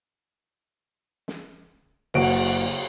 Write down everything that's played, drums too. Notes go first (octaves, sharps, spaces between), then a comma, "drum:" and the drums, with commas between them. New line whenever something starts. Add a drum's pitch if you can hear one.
drum: snare
F#1 F#4 D7, drum: cymbal